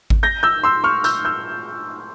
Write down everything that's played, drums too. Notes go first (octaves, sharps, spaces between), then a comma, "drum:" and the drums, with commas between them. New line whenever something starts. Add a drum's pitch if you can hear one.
drum: kick G#1
G6 A#6
E6 G6
C6 E6
C#6 F6
E6 G6, drum: tambourine
E6 G6